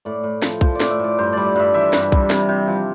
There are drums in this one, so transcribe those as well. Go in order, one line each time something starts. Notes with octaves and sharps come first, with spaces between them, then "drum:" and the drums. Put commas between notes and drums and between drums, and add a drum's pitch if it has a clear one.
A2 D5
A2
F3, drum: snare
F3 C5, drum: kick B1
D5
A2, drum: snare
E5
A2 D5
G2 C5
G3 D5
D5
G2 E5
E3 E5
G2, drum: snare
G3, drum: kick B1
C3, drum: snare
C3
F3